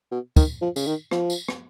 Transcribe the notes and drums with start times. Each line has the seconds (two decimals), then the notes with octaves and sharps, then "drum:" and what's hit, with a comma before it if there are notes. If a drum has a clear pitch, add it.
0.12 B2
0.36 D#3, drum: kick, tambourine
0.61 F3
0.76 C#3, drum: tambourine
0.87 D#3
1.11 F3, drum: rim click
1.30 drum: tambourine
1.48 drum: rim click